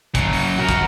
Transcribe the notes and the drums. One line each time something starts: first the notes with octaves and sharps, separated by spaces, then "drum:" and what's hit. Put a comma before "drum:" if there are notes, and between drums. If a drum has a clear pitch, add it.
C#3 F#3, drum: kick, hi-hat
drum: open hi-hat
F#4 A#4
drum: kick, hi-hat